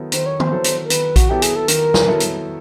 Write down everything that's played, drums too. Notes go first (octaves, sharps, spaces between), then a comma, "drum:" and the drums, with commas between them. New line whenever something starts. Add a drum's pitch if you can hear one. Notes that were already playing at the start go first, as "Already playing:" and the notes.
Already playing: D#3 F#3 B3 E4 A4
D#3 C5, drum: hi-hat
C#5
C5, drum: tom
F#3 B3 E4 A4
drum: hi-hat
A#4
D#3 B4, drum: hi-hat
F#4, drum: kick A#1, hi-hat
F#3 B3 E4 G4 A4
G#4, drum: hi-hat
A4
D#3 A#4, drum: hi-hat
drum: snare
F#3 B3 E4 A4
drum: hi-hat